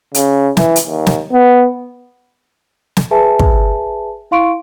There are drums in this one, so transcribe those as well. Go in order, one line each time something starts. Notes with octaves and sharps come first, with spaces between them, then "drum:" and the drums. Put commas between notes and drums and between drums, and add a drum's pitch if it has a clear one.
C#3, drum: hi-hat
E3, drum: snare
drum: hi-hat
D#2
drum: snare
B3
drum: snare
G#4 B4 E5 G#5 A5
drum: kick
E4 F5 C6 C#6 D7